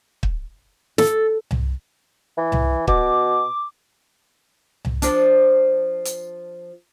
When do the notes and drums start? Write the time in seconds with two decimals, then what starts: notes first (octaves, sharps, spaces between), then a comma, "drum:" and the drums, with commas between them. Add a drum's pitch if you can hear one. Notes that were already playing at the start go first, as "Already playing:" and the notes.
0.23 drum: kick
0.98 A4, drum: snare
1.51 drum: tom C2
2.38 E3
2.52 drum: tom C2
2.88 B2 D6, drum: kick
4.85 drum: tom C2
5.02 F3 D4, drum: hi-hat
6.05 drum: hi-hat